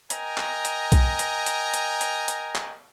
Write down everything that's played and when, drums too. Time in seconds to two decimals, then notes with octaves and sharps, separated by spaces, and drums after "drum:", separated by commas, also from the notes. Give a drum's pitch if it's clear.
0.10 A#4 D#5 G5 G#5 A#5, drum: hi-hat
0.38 drum: clap
0.65 drum: hi-hat
0.92 drum: kick B1, hi-hat
1.19 drum: hi-hat
1.46 drum: hi-hat
1.74 drum: hi-hat
2.01 drum: hi-hat
2.28 drum: hi-hat
2.55 drum: clap